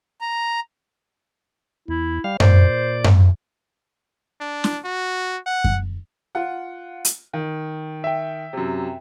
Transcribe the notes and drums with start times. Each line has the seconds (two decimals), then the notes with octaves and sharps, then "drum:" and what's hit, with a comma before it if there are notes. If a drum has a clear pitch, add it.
0.21 A#5
1.88 E2 E4
2.24 G3 F5
2.40 A#2 C5 D5, drum: tom F#2
3.04 drum: tom F#2
4.41 D4
4.64 drum: snare
4.85 F#4
5.47 F#5
5.64 drum: kick F#2
6.35 F4 F#5
7.05 drum: hi-hat
7.33 D#3
8.04 E5 G5
8.53 F#2 C3